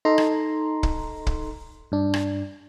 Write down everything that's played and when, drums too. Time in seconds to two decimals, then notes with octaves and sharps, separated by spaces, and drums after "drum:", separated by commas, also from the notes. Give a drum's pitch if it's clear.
0.05 D#4 A4 A#5 C6
0.18 drum: rim click
0.83 drum: kick
1.27 drum: kick
1.92 G2 D4
2.14 drum: rim click